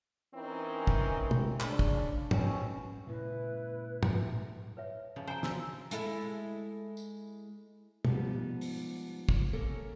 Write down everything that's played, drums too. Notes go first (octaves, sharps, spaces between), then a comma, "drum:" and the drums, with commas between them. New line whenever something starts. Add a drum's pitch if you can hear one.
E3 C4 C#4 D#4 A#4
drum: kick
drum: tom
C#3 D4, drum: clap
drum: kick
B2 C4 C#4, drum: tom
A#2 C#3 G#3 E4 B4
drum: tom
B4 C#5 E5
C#3 F3
C5 G5 G#5 A#5
F#4 E6, drum: snare
G#3 E4 A4, drum: hi-hat
drum: tambourine
G#2 F3 G3 B3 D#4, drum: tom
drum: open hi-hat
drum: kick
A3 A#3 C#4 A4 A#4